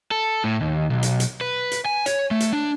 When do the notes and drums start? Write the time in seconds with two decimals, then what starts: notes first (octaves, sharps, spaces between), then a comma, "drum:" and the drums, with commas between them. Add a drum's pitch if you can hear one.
0.11 A4
0.44 A2
0.61 D#2
0.91 B1
1.03 drum: hi-hat
1.20 drum: hi-hat
1.41 B4
1.72 drum: hi-hat
1.86 G#5
2.06 C#5, drum: hi-hat
2.31 A3
2.40 drum: hi-hat
2.53 D4